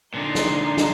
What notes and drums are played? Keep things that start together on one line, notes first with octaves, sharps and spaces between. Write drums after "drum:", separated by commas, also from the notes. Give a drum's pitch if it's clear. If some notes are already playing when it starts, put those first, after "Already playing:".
A#2 D3 D#4 C6
drum: snare
drum: snare